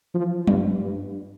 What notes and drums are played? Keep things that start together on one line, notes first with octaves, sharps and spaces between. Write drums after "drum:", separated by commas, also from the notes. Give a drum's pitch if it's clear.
F3
G2, drum: tom F#3
G2